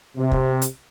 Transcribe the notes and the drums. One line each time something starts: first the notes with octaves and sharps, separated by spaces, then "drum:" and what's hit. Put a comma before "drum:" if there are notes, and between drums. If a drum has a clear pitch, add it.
C3
drum: kick
drum: hi-hat